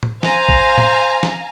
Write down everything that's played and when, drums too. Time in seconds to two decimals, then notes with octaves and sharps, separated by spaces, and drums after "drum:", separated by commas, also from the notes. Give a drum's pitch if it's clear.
0.03 drum: tom A2
0.23 C5 F5 G#5 A#5, drum: snare
0.49 drum: kick A#1
0.78 drum: tom A2
1.23 drum: snare